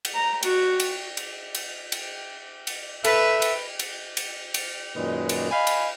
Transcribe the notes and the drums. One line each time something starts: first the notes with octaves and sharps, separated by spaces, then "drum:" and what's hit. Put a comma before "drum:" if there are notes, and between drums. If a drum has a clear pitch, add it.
drum: cymbal
A#5
F#4, drum: cymbal
drum: cymbal
drum: cymbal
drum: cymbal
drum: cymbal
drum: cymbal
A4 B4 E5, drum: cymbal
drum: cymbal
drum: cymbal
drum: cymbal
drum: cymbal
F#2 A#2 D#3 G#3 B4
drum: cymbal
D#5 F5 G#5 B5
drum: cymbal